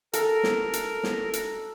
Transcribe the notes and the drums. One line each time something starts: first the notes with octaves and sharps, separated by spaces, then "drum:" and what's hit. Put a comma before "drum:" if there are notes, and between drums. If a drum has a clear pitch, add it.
A4 A#4, drum: hi-hat
drum: snare
drum: hi-hat
drum: snare
drum: hi-hat